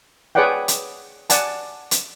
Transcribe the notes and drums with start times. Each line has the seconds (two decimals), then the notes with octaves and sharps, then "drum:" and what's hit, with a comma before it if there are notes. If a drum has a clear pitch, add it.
0.35 G#4 B4 C#5 D5 F#5 G5
0.68 drum: hi-hat
1.30 D5 F#5 G#5 A5, drum: hi-hat
1.91 drum: hi-hat